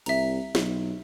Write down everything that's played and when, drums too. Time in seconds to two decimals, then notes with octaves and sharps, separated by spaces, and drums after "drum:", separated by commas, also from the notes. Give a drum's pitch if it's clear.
0.06 C2 E5 A#5, drum: cymbal
0.55 B1, drum: snare